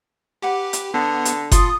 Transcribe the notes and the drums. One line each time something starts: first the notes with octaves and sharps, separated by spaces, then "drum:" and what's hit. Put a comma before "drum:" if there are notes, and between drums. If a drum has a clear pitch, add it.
G4 B4 F#5 D6
drum: hi-hat
D3 B3
drum: hi-hat
F4 A4 B5 C6 D#6, drum: kick F#1, hi-hat